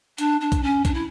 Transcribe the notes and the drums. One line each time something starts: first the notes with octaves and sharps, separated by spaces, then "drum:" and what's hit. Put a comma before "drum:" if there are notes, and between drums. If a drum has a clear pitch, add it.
D4, drum: hi-hat
D4
drum: kick A#1, hi-hat
C#4
D4, drum: kick A#1, hi-hat
E4